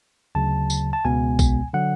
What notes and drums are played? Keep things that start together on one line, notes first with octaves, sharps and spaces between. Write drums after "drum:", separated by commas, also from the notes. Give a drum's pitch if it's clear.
D2 C#3 F#3 A5
drum: tambourine
A5
C#2 B2 G#3 B3 G#5
drum: kick A#1, tambourine
D3 F#3 F#5